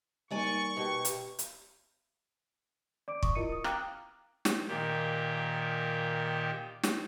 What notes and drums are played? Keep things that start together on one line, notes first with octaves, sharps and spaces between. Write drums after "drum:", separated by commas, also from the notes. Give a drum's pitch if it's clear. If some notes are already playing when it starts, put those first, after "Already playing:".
E2 G3 A#3 D#4 D5 G#5 C#6
B2 G4
drum: hi-hat
drum: hi-hat
D5 D6 D7
C#6 D#6, drum: kick
E4 F4 A#4 D#5 C#7 D#7
D#6
F5 G5 A#5 D6 F6 F#6, drum: rim click
drum: snare
A#2 D#3 G4
drum: snare